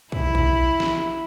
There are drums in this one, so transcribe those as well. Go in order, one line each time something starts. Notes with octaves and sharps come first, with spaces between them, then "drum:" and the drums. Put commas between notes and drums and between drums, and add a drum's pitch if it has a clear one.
E4, drum: kick
drum: kick
drum: snare